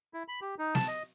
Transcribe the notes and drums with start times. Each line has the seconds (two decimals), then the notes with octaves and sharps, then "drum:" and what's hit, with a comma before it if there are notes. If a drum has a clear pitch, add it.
0.14 E4
0.28 B5
0.41 G4
0.59 D#4
0.75 A5, drum: snare
0.88 D#5